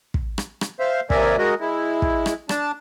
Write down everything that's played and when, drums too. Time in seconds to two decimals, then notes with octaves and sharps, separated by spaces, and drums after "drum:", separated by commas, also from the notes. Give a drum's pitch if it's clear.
0.14 drum: kick
0.38 drum: rim click
0.61 drum: rim click
0.80 C5 E5 F5
1.10 D#2 C3 A#4 D5 E5 G#5, drum: kick
1.38 G#3 F#4 A#4 D#5
1.60 G#3 E4
2.02 drum: kick
2.26 drum: rim click
2.49 D4 A5, drum: rim click